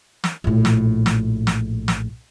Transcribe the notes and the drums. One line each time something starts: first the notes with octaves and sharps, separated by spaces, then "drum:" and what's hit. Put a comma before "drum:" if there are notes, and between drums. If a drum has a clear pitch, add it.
drum: snare
A#1 A2
drum: snare
drum: snare
drum: snare
drum: snare